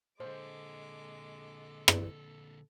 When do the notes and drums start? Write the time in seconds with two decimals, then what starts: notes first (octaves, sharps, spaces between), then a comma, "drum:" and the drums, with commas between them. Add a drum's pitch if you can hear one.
0.20 A#2 D3 G#3 A4 C5 D6
1.88 drum: rim click